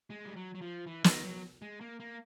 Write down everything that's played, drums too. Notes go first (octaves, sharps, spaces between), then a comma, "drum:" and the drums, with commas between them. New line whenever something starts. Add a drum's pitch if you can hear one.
G#3
G3
F#3
F#3
F3
E3
D#3, drum: snare
F#3
G#3
A#3
A#3